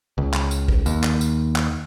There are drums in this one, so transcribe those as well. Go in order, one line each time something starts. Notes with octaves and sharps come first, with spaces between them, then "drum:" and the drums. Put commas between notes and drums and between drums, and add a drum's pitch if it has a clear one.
C#2
drum: clap
drum: tambourine
drum: kick
D#2, drum: tambourine
drum: clap
drum: tambourine
drum: clap